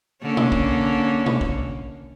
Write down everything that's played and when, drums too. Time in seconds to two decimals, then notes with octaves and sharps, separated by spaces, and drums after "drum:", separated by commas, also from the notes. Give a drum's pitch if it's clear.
0.22 D3 A#3 C#4
0.37 drum: tom B2
0.52 drum: kick
1.26 drum: tom B2
1.41 drum: kick